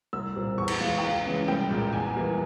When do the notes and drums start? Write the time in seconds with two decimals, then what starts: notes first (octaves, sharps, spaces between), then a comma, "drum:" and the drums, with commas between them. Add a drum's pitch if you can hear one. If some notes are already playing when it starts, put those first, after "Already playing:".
0.13 C2 E6
0.36 A#2 G3 C4
0.58 E2 C#6
0.68 drum: cymbal
0.81 E3 G#3 F5
0.98 G5
1.03 C#2 F5
1.26 C#3 E3 G#3
1.48 C2 G5
1.71 A#2 G#3
1.93 E2 G#5
2.15 E3 G3 A#3